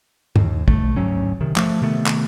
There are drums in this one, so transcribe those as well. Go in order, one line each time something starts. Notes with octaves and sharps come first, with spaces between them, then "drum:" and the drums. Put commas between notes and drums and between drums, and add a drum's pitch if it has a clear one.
D#2, drum: tom G2
B1 A3, drum: kick
D2 G#2 F#3 C#4
C3 D#3
F3 A3, drum: clap
C3 D#3 A3 B3
drum: clap